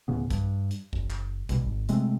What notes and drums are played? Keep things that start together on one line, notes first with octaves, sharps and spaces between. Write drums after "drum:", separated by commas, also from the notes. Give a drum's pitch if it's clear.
D2 A2 C#3 B3
G2, drum: kick, hi-hat
drum: hi-hat
F#1, drum: kick
drum: clap
C2 B2 G3, drum: kick, hi-hat
G#1
C3 G#3 A3 C4, drum: hi-hat